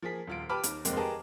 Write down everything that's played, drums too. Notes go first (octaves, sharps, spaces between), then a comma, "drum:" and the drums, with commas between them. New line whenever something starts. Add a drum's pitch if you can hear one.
F3 A#3 G#4 B6
D#1 F4 D7
G4 B4 A5 B5 D6 F6
D#2, drum: hi-hat
F1 G#3 A#3 C4, drum: hi-hat
G4 G#4 A#4 B4 D#5 A5